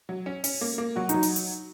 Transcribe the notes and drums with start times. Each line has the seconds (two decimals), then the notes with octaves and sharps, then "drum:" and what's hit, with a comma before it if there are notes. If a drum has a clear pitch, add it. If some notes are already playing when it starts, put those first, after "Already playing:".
0.09 F#3
0.26 C#4
0.44 C#4, drum: open hi-hat
0.61 A#3
0.78 A#3
0.96 F#3 F#4
1.09 F#3 D#4, drum: hi-hat
1.23 drum: open hi-hat
1.36 drum: hi-hat